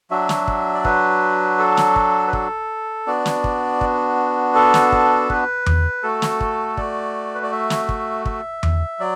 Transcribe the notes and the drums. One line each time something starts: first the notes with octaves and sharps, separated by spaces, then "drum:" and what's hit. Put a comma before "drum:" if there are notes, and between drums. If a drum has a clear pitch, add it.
F#3 D4 F#4 E5
drum: snare
drum: kick
D5
B4, drum: kick
A4
drum: snare
drum: kick
B4
A4, drum: kick
B3 D4 F#4 D5
drum: snare
drum: kick
drum: kick
A4
drum: snare
drum: kick
B4, drum: kick
drum: tom E2
A3 F#4 A4
drum: snare
drum: kick
D5, drum: kick
B4
D5
E5
drum: snare
drum: kick
E5, drum: kick
drum: tom E2
F#3 D5